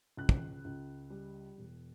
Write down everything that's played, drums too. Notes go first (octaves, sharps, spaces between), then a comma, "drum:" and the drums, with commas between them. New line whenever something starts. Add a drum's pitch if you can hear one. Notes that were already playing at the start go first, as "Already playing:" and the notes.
C#2 F#6
drum: kick
C#2
G3
E1